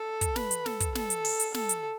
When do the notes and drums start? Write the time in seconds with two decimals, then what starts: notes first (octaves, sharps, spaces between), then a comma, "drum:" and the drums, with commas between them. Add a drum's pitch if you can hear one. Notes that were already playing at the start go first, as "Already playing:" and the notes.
Already playing: A4
0.21 drum: kick, hi-hat
0.36 B4, drum: snare
0.51 drum: hi-hat
0.66 A4, drum: snare
0.80 drum: kick, hi-hat
0.95 A4, drum: snare
1.10 drum: hi-hat
1.25 drum: open hi-hat
1.40 drum: hi-hat
1.54 A4, drum: snare
1.69 drum: hi-hat